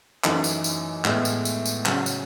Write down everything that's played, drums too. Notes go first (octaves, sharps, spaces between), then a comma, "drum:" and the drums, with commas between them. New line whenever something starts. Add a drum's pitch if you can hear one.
F#2 E3 A3 D#4, drum: clap
drum: tambourine
drum: tambourine
A2 G#3 B3 E4, drum: clap
drum: tambourine
drum: tambourine
drum: tambourine
C#3 F#3 C#4, drum: clap
drum: tambourine